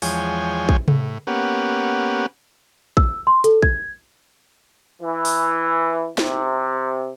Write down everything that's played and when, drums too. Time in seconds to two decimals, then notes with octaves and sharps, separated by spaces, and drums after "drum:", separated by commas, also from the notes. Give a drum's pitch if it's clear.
0.02 E2 F3 G#3 C#5 G5 G#5, drum: open hi-hat
0.69 drum: kick
0.88 A2, drum: tom C3
1.27 A#3 B3 C#4 G4 F#5
2.97 E6, drum: kick
3.27 C6
3.44 A4, drum: hi-hat
3.62 G#6, drum: kick
5.02 E3
5.25 drum: open hi-hat
6.18 C3, drum: snare